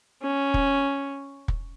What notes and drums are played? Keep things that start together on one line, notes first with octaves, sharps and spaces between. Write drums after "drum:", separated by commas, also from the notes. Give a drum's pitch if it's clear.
C#4
drum: kick
drum: kick